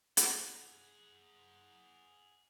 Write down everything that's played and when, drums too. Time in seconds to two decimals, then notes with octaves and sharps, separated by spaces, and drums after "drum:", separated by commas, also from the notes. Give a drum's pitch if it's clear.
0.17 G#4 F#5, drum: hi-hat